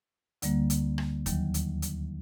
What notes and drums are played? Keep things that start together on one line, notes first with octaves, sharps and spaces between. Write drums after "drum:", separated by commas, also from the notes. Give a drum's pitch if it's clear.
D2 D3 G3 A#3, drum: hi-hat
drum: hi-hat
drum: rim click
D#2 D#3 F#3, drum: kick, hi-hat
drum: hi-hat
drum: hi-hat